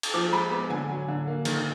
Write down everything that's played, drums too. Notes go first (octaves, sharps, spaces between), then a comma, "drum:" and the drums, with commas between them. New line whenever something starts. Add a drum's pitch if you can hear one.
drum: cymbal
F3 D6
G#3 B5
B3
D3 G#5
F#3
D3
A#3
D#3, drum: cymbal